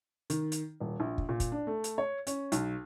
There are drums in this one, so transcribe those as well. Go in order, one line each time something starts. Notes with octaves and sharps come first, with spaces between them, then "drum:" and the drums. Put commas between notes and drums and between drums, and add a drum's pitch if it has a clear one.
D#3, drum: hi-hat
drum: hi-hat
D#1
A#1
drum: kick
A#2
drum: kick, hi-hat
D4
A3
drum: hi-hat
C#5
C#4, drum: hi-hat
B1, drum: hi-hat